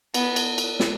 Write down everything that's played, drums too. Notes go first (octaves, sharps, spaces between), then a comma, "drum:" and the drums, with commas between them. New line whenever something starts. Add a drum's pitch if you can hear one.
B3, drum: cymbal
drum: cymbal
drum: cymbal
drum: snare